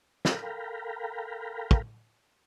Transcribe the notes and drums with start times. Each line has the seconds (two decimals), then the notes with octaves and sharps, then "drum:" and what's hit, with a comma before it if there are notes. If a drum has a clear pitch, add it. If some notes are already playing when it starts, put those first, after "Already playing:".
0.25 A4 A#4 F5 G5 A#5 B5, drum: snare
1.71 drum: kick